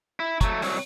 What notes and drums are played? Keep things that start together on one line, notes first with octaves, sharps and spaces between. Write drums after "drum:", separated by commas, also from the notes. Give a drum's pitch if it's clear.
E4
F#3 A3, drum: kick, hi-hat
C2 F#3, drum: open hi-hat